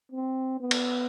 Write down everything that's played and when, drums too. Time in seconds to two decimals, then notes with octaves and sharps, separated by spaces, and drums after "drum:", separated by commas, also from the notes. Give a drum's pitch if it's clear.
0.12 C4
0.60 B3
0.71 drum: cymbal